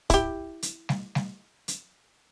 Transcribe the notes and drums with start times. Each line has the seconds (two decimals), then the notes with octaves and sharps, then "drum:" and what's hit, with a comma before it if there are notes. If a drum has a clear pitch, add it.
0.10 E4 G4, drum: kick, hi-hat
0.62 drum: hi-hat
0.89 drum: snare G3
1.15 drum: snare G3
1.68 drum: hi-hat